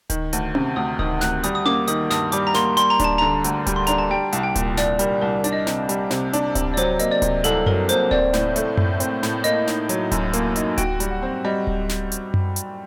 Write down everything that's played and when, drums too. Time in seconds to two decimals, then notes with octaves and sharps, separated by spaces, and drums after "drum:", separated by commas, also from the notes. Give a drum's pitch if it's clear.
0.10 D#3, drum: kick D1, hi-hat
0.33 D2, drum: hi-hat
0.55 C3, drum: tom C#4
0.76 D2 D#6
0.99 D#3 D#6, drum: kick D1
1.21 D2 F#6, drum: snare
1.43 G3 D#6, drum: hi-hat
1.55 D#6
1.66 A#3 D6, drum: tom C#4
1.88 D#3 D#6, drum: hi-hat
2.11 G2 D#6, drum: snare
2.32 G3 D6, drum: hi-hat
2.47 A#5
2.54 A#3 C6, drum: snare
2.77 G3 C6, drum: hi-hat
2.90 A#5
2.99 D4 A5, drum: kick D1, hi-hat
3.18 D3 A#5
3.44 D2, drum: hi-hat
3.66 G3, drum: kick D1, hi-hat
3.76 C6
3.87 D4 A#5, drum: hi-hat
3.99 A5
4.11 G3 G5
4.33 C2, drum: hi-hat
4.43 G5
4.55 A#2, drum: kick D1, hi-hat
4.77 C2 D5, drum: snare
4.99 G3 A#4, drum: hi-hat
5.22 C2 A#4
5.44 D4 D5, drum: hi-hat
5.53 D#5
5.59 D5
5.67 C3, drum: snare
5.89 G3, drum: hi-hat
6.11 C3, drum: snare
6.33 D4, drum: hi-hat
6.55 C3, drum: kick D1, hi-hat
6.74 D5
6.77 F#3 C5, drum: hi-hat
6.99 A#3 D#5, drum: hi-hat
7.12 D5
7.22 C3, drum: kick D1, hi-hat
7.44 C2 A4, drum: hi-hat
7.66 F#3 A#4, drum: tom F#2
7.89 A#3 C5, drum: hi-hat
8.11 C4 D5, drum: kick D1
8.33 A2, drum: snare
8.56 A3, drum: hi-hat
8.77 A2, drum: tom F#2
9.00 C4, drum: hi-hat
9.23 A2, drum: snare
9.44 A#3 D#5, drum: hi-hat
9.67 D#4, drum: snare
9.89 F#3, drum: hi-hat
10.12 F#2, drum: kick D1, hi-hat
10.33 A#3, drum: hi-hat
10.56 D#4, drum: hi-hat
10.78 F#4 G5, drum: kick D1, hi-hat
11.00 G3, drum: hi-hat
11.11 F#5
11.23 C4
11.45 G3 D#5
11.67 drum: kick D1
11.89 drum: snare
12.12 drum: hi-hat
12.34 drum: tom F#2
12.56 drum: hi-hat